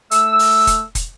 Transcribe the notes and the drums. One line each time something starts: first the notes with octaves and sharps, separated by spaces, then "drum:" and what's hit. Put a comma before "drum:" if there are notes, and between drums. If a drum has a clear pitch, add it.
A3 E6, drum: hi-hat
drum: open hi-hat
drum: kick, hi-hat
drum: kick, hi-hat